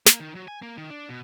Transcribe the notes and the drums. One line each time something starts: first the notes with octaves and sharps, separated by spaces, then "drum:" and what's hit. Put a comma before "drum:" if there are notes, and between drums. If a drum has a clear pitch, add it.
A#3, drum: snare
D#3
F#3
G#5
A#3
D#3
D4
B2